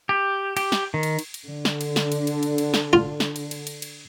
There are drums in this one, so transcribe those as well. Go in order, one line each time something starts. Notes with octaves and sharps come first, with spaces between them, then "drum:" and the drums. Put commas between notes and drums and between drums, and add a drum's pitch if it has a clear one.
G4
G4, drum: cymbal
drum: snare
D#3
drum: cymbal
drum: cymbal
drum: cymbal
D3
drum: snare
drum: cymbal
drum: snare
drum: cymbal
drum: cymbal
drum: cymbal
drum: cymbal
drum: snare
F4
drum: snare
drum: cymbal
drum: cymbal
drum: cymbal
drum: cymbal